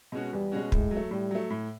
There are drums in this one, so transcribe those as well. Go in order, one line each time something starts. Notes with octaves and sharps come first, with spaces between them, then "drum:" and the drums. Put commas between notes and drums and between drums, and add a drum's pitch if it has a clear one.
B2 G#3 C#4 F#4
E2 G3
B2 G#3 C#4 F#4
A2 G#3, drum: kick
F#3
A3
A2 G3
F#3 A3
A2